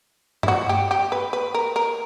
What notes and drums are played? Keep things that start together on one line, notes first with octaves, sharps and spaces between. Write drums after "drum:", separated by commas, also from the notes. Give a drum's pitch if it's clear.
E4, drum: tom G2
F#4
G4
G4
B4
B4
A#4
A#4